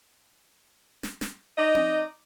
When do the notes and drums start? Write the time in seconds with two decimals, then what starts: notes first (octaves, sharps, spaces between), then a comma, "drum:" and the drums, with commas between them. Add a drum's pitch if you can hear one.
1.03 drum: snare
1.21 drum: snare
1.57 D#4 D5 D#5
1.75 drum: tom C4